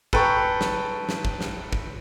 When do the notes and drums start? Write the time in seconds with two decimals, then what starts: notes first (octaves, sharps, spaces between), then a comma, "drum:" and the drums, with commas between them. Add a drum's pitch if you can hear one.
0.13 A4 B4 G5 A#5 C#6, drum: kick
0.61 drum: snare
1.09 drum: snare
1.25 drum: kick
1.41 drum: snare
1.73 drum: kick